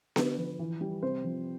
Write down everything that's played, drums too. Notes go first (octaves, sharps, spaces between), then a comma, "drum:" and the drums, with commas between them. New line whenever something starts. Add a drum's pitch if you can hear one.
D3 B4, drum: snare B3
F3
E3
G3
C3 C5
F3